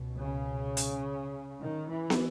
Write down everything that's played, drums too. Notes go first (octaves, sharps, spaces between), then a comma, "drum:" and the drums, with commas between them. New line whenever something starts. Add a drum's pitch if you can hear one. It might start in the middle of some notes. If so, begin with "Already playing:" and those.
Already playing: C#2 B2
C#3
drum: hi-hat
D#3
E3
drum: snare